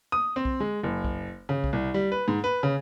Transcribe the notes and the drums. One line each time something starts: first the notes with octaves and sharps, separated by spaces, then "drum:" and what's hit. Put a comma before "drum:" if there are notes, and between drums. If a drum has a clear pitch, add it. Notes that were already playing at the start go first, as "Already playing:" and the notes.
D#6
C4
drum: kick B1
G#3
F#1
drum: kick B1
C#3, drum: tom G2
drum: kick B1
C2
G3
B4
G#2
B4
C#3